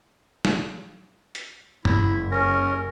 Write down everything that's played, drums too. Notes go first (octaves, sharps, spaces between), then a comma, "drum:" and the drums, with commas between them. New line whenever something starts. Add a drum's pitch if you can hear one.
drum: snare
drum: hi-hat
F#1 E4, drum: tom G2
C#4 A#4